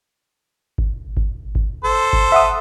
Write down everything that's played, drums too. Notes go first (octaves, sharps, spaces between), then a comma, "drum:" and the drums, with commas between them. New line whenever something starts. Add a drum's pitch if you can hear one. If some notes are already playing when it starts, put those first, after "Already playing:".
drum: kick G1
drum: kick G1
drum: kick G1
A4 C5
drum: kick G1
E5 F#5 D#6